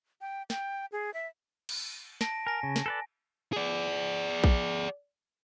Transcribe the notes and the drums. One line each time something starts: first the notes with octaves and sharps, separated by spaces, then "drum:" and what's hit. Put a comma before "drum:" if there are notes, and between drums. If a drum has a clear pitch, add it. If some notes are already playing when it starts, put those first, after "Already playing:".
G5
G5, drum: snare
G#4
E5
drum: cymbal
A5 A#6 D7, drum: snare
A#4 G#5 A#6
C#3
drum: snare
A4 B4 D5
G#4 D5
drum: kick A#1